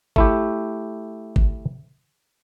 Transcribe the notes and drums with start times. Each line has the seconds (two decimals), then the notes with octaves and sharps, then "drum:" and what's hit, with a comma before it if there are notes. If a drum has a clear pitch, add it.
0.16 A3 E4 G4, drum: kick G1
1.36 drum: kick G1